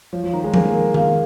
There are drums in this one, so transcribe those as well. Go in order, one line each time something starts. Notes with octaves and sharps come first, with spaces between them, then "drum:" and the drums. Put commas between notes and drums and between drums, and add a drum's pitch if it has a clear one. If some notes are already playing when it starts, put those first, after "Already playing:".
F3 C#5
F3
D#3 A#5
G#3
A#3 G#5, drum: tom
A#4
F5, drum: tom